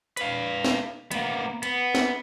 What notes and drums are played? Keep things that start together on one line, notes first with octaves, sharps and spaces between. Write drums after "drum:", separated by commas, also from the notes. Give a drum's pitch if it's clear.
B4 F5, drum: hi-hat
drum: snare
A#3 B3, drum: hi-hat
B3, drum: hi-hat
drum: snare